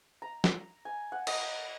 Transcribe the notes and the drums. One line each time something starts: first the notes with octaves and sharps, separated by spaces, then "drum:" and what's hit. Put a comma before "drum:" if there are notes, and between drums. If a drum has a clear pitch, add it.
A#5
drum: snare
G#5
F#5
D#5, drum: cymbal